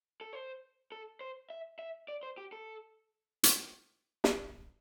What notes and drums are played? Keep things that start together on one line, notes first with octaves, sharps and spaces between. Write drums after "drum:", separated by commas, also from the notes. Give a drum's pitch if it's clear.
A4
C5
A4
C5
E5
E5
D5
C5
G4
A4
drum: hi-hat
drum: snare